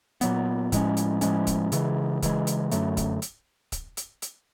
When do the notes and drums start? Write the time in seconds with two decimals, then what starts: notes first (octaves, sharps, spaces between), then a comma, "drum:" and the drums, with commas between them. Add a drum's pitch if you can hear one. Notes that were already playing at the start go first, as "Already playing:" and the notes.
0.21 A#2 F#3 B3, drum: hi-hat
0.72 A2 F3 G#3 C#4, drum: kick, hi-hat
0.97 drum: hi-hat
1.21 A2 F3 G#3 C#4, drum: hi-hat
1.47 drum: kick, hi-hat
1.72 C#3 E3 G#3, drum: hi-hat
2.23 C#3 E3 G#3, drum: kick, hi-hat
2.47 drum: hi-hat
2.72 F#2 D3 F#3 A3, drum: hi-hat
2.97 drum: kick, hi-hat
3.22 drum: hi-hat
3.72 drum: kick, hi-hat
3.97 drum: hi-hat
4.22 drum: hi-hat